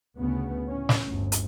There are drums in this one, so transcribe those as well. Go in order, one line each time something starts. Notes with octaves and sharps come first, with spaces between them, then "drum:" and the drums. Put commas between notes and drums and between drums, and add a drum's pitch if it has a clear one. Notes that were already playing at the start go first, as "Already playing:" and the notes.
D2 C#3 B3
A2 C#4
drum: snare
G1 D2
drum: hi-hat